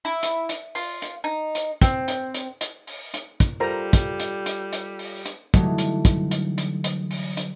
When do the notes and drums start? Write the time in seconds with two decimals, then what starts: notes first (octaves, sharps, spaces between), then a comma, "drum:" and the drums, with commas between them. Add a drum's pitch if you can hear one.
0.05 E4
0.23 drum: hi-hat
0.49 drum: hi-hat
0.75 F4, drum: open hi-hat
1.02 drum: hi-hat
1.24 D#4
1.55 drum: hi-hat
1.82 C4, drum: kick, hi-hat
2.08 drum: hi-hat
2.34 drum: hi-hat
2.61 drum: hi-hat
2.87 drum: open hi-hat
3.14 drum: hi-hat
3.40 drum: kick, hi-hat
3.60 G3 F4 A4 A#4 C5 A#5
3.93 drum: kick, hi-hat
4.20 drum: hi-hat
4.46 drum: hi-hat
4.73 drum: hi-hat
4.99 drum: open hi-hat
5.25 drum: hi-hat
5.54 D3 E3 F#3 G3 A3 D#4, drum: kick, hi-hat
5.78 drum: hi-hat
6.05 drum: kick, hi-hat
6.31 drum: hi-hat
6.58 drum: hi-hat
6.84 drum: hi-hat
7.11 drum: open hi-hat
7.37 drum: hi-hat